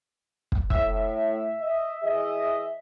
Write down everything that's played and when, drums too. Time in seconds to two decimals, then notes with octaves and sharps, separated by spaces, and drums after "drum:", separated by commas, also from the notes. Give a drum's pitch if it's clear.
0.52 drum: kick
0.70 A2 E5, drum: kick
1.61 D#5
2.03 E3 G#4 D#5